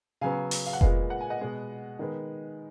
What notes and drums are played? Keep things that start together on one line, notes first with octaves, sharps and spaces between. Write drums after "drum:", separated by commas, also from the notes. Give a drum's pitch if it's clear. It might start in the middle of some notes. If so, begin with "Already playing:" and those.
C#3 F#3 B3 F5 G#5
drum: open hi-hat
F5
F#5
A#2 G#3 B3 F5 G#5, drum: kick F1
F#5
G#5
D#5 F#5
B2 G#3 B3
D#3 G#3 B3